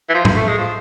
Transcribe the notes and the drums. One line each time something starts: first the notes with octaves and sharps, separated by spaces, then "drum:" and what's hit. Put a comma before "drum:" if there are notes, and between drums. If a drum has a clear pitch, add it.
E3
F3
drum: tom A2
A3
G#3
F3